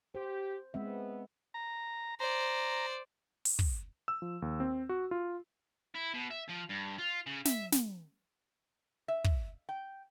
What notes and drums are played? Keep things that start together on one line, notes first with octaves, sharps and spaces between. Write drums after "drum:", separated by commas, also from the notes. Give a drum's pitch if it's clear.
G4 C5
G#3 B3 C4 E5
A#5
C5 D5 A#5
drum: open hi-hat
drum: kick
E6
F3
D#2
C4
F#4
F4
E4
B2
E5
F3
G2
F4
C#3
E5, drum: snare
drum: snare
E5
drum: kick
G5